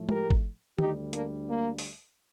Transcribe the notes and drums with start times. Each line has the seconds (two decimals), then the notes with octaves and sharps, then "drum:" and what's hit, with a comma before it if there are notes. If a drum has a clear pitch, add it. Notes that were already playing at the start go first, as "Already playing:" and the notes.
Already playing: A2 F3 A3
0.09 G4 A#4, drum: tom G#3
0.30 drum: kick
0.79 D2 D3 G3 D#4 G4, drum: tom D#3
1.13 A#3 D4, drum: hi-hat
1.48 A#3
1.79 drum: open hi-hat